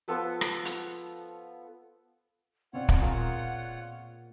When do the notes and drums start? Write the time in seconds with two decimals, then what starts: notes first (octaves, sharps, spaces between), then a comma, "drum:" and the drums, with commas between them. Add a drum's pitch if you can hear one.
0.08 F3 B3 A4 B4
0.41 drum: rim click
0.65 drum: hi-hat
2.73 B2 C4 F4 C#5 D5 F#5
2.89 drum: kick
3.01 A#2 A#3 G#4